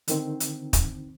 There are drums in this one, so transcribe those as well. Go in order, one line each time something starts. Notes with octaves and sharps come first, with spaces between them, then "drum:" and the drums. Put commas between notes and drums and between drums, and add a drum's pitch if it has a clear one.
D3 D#3 C4, drum: hi-hat
drum: hi-hat
drum: kick, hi-hat